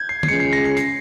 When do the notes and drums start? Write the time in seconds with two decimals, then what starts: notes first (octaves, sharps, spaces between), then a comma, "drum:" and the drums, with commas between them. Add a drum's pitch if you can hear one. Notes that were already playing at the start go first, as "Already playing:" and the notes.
Already playing: G6 G#6
0.09 C7
0.23 C7, drum: tom
0.28 C#2 C#3 G#3 C#7
0.40 C7
0.53 A#6
0.65 C7
0.77 C7, drum: hi-hat